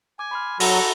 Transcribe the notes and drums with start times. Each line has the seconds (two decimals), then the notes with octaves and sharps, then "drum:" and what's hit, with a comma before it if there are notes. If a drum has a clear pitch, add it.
0.19 G#5 D6
0.31 B5 C6 F6
0.60 F#3 F#4 A4 A#5 B5 A#6, drum: open hi-hat